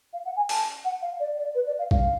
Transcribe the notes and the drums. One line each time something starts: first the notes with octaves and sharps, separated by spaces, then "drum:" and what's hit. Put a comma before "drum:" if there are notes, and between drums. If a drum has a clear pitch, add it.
F5
F#5
G#5
A5, drum: open hi-hat
F#5
F5
D5
D5
B4
D5
F5
F5, drum: kick